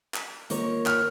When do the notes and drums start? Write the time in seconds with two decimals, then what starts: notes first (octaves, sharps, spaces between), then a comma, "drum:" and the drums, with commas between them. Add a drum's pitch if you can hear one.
0.14 drum: clap
0.50 D#3 A#3 F4 A#4 C#5, drum: hi-hat
0.86 F6, drum: clap